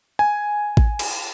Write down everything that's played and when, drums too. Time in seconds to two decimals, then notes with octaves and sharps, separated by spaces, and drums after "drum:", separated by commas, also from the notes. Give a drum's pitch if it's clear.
0.19 G#5
0.77 drum: kick A1
0.99 drum: cymbal